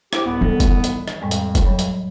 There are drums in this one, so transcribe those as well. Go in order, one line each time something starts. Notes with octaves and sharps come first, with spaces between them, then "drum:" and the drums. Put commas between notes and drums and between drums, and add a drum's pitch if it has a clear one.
E4 G4 C5 D6, drum: rim click
C2 G#2 B3
D#3 E3 G3 A4
drum: kick, hi-hat
drum: hi-hat
drum: rim click
F2 A2 G3 G#3
drum: hi-hat
drum: kick, hi-hat
F#3 C#5 B5
drum: hi-hat